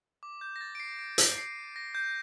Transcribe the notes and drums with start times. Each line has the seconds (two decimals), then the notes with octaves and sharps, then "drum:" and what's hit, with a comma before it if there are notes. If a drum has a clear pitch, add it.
0.23 D6
0.41 G6
0.56 A#6
0.61 A6
0.75 D7
0.80 C7
0.99 D7
1.18 D#7, drum: hi-hat
1.38 C7
1.76 A#6
1.95 G6